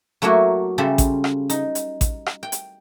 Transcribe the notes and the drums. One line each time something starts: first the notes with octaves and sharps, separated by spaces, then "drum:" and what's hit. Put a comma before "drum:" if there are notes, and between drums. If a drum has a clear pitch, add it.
F#3 A3 A#3 E4 F#4
C#3 G3 A4 C5 E5
drum: kick A1, hi-hat
drum: rim click
D#4, drum: hi-hat
drum: hi-hat
drum: kick A1, hi-hat
drum: rim click
G5
drum: hi-hat